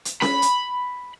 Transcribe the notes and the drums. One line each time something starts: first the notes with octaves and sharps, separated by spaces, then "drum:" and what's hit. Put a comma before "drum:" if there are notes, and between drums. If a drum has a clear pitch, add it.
drum: hi-hat
B5, drum: snare C#4
drum: hi-hat